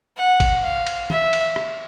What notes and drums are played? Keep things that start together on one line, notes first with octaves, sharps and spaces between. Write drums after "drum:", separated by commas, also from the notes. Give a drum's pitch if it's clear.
F#5
drum: kick A1, cymbal
F5
drum: cymbal
E5, drum: tom
drum: cymbal
drum: rim click